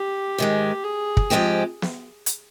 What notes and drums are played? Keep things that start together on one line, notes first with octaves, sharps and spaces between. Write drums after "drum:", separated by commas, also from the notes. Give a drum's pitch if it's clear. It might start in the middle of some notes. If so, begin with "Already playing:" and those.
Already playing: G4
G#2 D#3 G#3
G#4
drum: kick
G#2 F3 G#3 C4 G4
drum: snare
drum: hi-hat